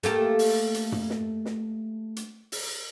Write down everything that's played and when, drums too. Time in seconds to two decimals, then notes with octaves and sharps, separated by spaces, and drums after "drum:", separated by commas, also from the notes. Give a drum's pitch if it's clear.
0.03 A3 A#3 G4, drum: hi-hat
0.39 drum: open hi-hat
0.74 drum: hi-hat
0.92 drum: tom
1.10 drum: snare
1.45 drum: snare
2.16 drum: hi-hat
2.52 drum: open hi-hat